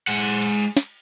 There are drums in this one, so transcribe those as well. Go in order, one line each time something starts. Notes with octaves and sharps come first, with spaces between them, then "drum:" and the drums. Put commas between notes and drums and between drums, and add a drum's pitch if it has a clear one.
G#3 F#5, drum: cymbal
drum: cymbal
drum: snare